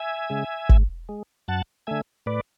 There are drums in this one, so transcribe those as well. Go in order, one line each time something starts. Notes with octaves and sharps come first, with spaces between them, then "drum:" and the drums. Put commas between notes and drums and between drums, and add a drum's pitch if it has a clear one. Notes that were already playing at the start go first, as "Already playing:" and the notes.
Already playing: E5 G#5
C#3 G#3
G#2, drum: kick G1
G#3
F#2 F#5 A5
D3 A3 E5 G#5
A2 B4 D5